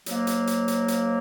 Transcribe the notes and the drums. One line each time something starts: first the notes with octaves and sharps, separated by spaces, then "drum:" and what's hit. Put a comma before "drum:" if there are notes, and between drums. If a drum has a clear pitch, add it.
G#2 F#3 A#3, drum: hi-hat
drum: hi-hat
drum: hi-hat
drum: hi-hat
drum: hi-hat